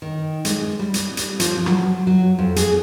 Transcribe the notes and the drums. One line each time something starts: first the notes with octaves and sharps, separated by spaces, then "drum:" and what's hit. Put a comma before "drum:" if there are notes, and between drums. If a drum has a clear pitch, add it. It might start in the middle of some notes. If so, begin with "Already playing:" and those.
D#3
G#3, drum: hi-hat
G3
drum: hi-hat
drum: hi-hat
F3, drum: hi-hat
F#3, drum: rim click
F#3
F2
G#4, drum: hi-hat